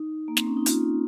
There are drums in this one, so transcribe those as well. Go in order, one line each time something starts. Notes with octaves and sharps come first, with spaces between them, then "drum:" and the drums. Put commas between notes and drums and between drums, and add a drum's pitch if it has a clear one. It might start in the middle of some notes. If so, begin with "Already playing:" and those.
Already playing: D#4
A#3
C4, drum: snare
C#4
D#4
F4, drum: hi-hat